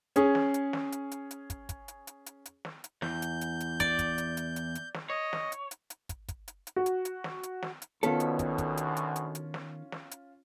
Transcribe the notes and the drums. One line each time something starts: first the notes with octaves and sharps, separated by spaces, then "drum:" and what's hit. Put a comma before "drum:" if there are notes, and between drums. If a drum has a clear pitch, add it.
C#4 G#4, drum: hi-hat
drum: snare
drum: hi-hat
drum: snare
drum: hi-hat
drum: hi-hat
drum: hi-hat
drum: kick, hi-hat
drum: kick, hi-hat
drum: hi-hat
drum: hi-hat
drum: hi-hat
drum: hi-hat
drum: snare
drum: hi-hat
E2 G6, drum: snare
drum: hi-hat
drum: hi-hat
drum: hi-hat
D5, drum: kick, hi-hat
drum: kick, hi-hat
drum: hi-hat
drum: hi-hat
drum: hi-hat
drum: hi-hat
drum: snare
C#5 D#5
drum: snare
drum: hi-hat
drum: hi-hat
drum: hi-hat
drum: kick, hi-hat
drum: kick, hi-hat
drum: hi-hat
drum: hi-hat
F#4
drum: hi-hat
drum: hi-hat
drum: snare
drum: hi-hat
drum: snare
drum: hi-hat
D2 B2 D#3 B3 C#4 F4 A4, drum: hi-hat
drum: hi-hat
drum: kick, hi-hat
drum: kick, hi-hat
drum: hi-hat
drum: hi-hat
drum: hi-hat
drum: hi-hat
drum: snare
drum: snare
drum: hi-hat